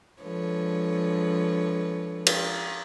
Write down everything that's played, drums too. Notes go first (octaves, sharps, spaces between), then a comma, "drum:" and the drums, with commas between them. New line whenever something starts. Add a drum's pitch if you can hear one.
F3 G#3 D4 A4 B4 C#5
drum: cymbal